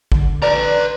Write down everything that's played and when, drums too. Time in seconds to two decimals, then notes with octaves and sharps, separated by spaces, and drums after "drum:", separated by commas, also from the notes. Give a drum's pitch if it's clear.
0.12 D3, drum: kick
0.42 B4 D5 A#5